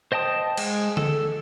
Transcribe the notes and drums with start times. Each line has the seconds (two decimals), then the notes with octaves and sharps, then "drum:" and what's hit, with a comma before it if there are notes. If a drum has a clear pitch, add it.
0.12 C5 D#5 G5 A5 D#6
0.57 G#3, drum: cymbal
0.97 A4, drum: tom D3